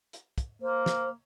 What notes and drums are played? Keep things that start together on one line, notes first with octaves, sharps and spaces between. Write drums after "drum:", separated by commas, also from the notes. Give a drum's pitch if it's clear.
drum: hi-hat
drum: kick, hi-hat
A#3 C5
drum: snare